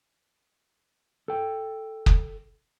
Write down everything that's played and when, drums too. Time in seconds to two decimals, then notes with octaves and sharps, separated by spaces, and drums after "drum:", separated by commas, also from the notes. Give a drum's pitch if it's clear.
1.28 A4 G5
2.06 drum: kick